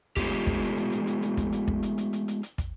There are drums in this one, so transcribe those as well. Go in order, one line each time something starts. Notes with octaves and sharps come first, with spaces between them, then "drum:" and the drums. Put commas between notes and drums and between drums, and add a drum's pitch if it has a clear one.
G#3 A3 B3 D#4 F4 G4, drum: kick, hi-hat
drum: hi-hat
drum: kick
drum: hi-hat
drum: hi-hat
drum: hi-hat
drum: hi-hat
drum: hi-hat
drum: kick, hi-hat
drum: hi-hat
drum: kick
drum: hi-hat
drum: hi-hat
drum: hi-hat
drum: hi-hat
drum: hi-hat
drum: kick, hi-hat